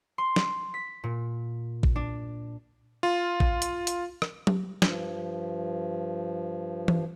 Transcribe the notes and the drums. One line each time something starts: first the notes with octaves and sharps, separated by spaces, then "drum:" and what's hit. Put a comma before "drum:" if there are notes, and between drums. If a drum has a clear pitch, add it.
C6
drum: snare
B6
A#2
drum: kick A1
D4
F4
drum: kick A1
drum: hi-hat
drum: hi-hat
drum: rim click
drum: tom F#3
G2 F3, drum: snare
drum: tom E3